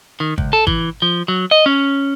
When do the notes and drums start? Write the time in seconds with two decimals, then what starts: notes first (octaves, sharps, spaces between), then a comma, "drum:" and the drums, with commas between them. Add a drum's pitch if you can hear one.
0.20 D#3
0.38 C#2, drum: kick G#1
0.53 A4
0.67 E3, drum: kick G#1
1.02 F3
1.28 F#3
1.51 D#5
1.66 C#4